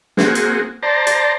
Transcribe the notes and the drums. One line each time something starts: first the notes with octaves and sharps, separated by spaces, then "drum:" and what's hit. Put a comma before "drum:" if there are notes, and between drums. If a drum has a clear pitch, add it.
A#3 C4 F#4 G#4, drum: snare
drum: hi-hat
C5 D5 A5 A#5
drum: hi-hat